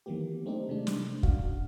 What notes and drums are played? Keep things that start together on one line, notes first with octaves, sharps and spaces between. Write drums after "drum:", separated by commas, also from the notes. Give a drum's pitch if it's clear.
D#3 E3 F#3 A#3 B3 G4
A3 C4 D4 D#4 G4
C3 G#3 D4
drum: snare
A1 F#2 D4 F#4 F5, drum: kick